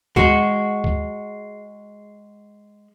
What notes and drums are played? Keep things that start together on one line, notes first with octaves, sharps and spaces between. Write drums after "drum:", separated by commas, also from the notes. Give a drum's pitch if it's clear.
G#3 F#4, drum: kick
drum: kick